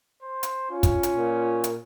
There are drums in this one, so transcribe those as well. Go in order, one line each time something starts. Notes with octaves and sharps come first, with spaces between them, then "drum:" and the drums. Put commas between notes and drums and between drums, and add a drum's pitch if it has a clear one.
C5
drum: hi-hat
C#4 F4
drum: kick, hi-hat
drum: hi-hat
A#2
drum: hi-hat